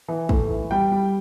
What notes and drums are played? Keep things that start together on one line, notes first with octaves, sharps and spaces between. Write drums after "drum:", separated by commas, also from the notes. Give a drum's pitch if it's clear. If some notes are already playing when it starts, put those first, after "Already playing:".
E3
A2, drum: kick
E3
G3 G5
G3